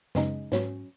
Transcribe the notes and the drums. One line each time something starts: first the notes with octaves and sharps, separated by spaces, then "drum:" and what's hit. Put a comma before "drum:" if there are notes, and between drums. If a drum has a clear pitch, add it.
F#2 C#3 G#3 D#4, drum: snare
G#2 F#3 C#4, drum: snare